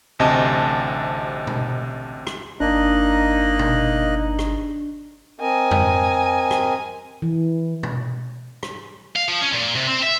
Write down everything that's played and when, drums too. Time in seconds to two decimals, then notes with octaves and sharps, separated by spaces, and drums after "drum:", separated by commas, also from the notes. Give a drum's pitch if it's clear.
0.19 A1 D2 C3 D#5 A5
1.47 drum: tom B2
2.27 drum: rim click
2.60 G1 A#3 D4 D#4 D#5 F#6
3.59 drum: tom B2
4.39 drum: rim click
5.40 C4 A#4 D#5 G#5
5.71 drum: tom F2
6.51 drum: rim click
7.22 E3
7.83 drum: tom B2
8.63 drum: rim click
9.16 F5
9.28 F3
9.41 C#4
9.53 A#2
9.76 C3
9.88 C4
10.03 E5